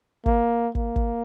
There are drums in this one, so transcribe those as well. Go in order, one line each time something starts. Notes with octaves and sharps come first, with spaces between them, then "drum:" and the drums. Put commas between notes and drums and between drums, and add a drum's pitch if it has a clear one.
A#3, drum: kick
A#3, drum: kick
drum: kick